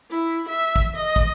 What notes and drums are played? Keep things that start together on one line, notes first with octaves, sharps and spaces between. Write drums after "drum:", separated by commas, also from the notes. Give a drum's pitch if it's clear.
E4
E5
drum: kick
D#5
drum: kick